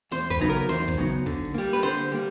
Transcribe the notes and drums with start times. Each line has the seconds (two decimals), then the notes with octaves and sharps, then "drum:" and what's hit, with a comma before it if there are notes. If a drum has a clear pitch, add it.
0.11 E2 C5, drum: snare
0.30 B4, drum: kick, hi-hat
0.40 C#3 F#3 B3 D#4
0.50 A#4, drum: hi-hat
0.69 E2 C5, drum: snare
0.88 drum: kick, hi-hat
0.97 C#3 F#3 B3 D#4
1.07 drum: hi-hat
1.26 D3, drum: kick, open hi-hat
1.45 drum: open hi-hat
1.54 G3 A#3
1.64 drum: open hi-hat
1.73 B4
1.83 D3 C5, drum: snare
2.02 drum: hi-hat
2.12 G3 A#3